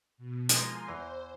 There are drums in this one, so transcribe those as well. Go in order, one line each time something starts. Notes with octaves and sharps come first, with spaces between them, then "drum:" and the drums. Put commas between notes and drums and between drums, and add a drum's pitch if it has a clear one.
B2
F3 G#3 A#3 G#5 A#5 C6, drum: hi-hat
E2 E3 C5